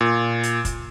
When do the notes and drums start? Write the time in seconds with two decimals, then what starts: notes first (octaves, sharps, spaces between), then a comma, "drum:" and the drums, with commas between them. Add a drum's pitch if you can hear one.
0.01 A#2
0.43 drum: hi-hat
0.65 drum: kick, hi-hat